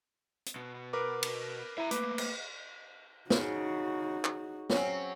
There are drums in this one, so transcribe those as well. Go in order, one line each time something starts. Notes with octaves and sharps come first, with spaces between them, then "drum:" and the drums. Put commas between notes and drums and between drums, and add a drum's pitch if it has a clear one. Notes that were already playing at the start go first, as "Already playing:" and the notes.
drum: hi-hat
B2
A#4 B4 D6
drum: cymbal
E4 E5 A#5
A3 A#3 B4 D6, drum: hi-hat
drum: cymbal
C#3 D#4 F#4, drum: snare
drum: clap
F#3 C4 C#4, drum: snare